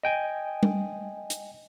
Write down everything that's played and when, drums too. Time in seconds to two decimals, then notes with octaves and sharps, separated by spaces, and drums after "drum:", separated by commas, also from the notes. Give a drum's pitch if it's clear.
0.04 D#5 G5 G#5
0.63 drum: tom G3
1.30 drum: hi-hat